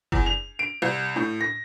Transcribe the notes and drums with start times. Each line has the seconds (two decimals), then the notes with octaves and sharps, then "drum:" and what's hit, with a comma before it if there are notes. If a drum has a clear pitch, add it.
0.12 E2, drum: kick F#1
0.26 F7
0.59 D7
0.82 C2
1.16 A2
1.41 A#6